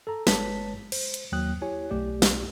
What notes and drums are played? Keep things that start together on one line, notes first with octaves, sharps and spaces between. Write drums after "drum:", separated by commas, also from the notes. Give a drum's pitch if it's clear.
A4 A#5
G1 G#3 B4 C#5 A5 B6, drum: snare
C5, drum: cymbal
drum: hi-hat
D#2 F#3 A#3 G5 D#6 F#6
E4 G4 C#5 G#5
B1 A3 G4 D5
drum: snare